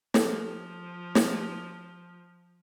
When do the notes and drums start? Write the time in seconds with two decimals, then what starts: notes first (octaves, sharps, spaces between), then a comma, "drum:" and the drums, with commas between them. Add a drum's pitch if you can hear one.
0.14 F3 G4 A4, drum: snare
1.15 drum: snare